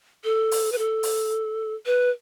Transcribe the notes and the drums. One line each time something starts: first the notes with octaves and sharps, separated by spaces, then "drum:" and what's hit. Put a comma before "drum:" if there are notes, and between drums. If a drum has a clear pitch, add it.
A4
drum: open hi-hat
B4
A4
drum: open hi-hat
B4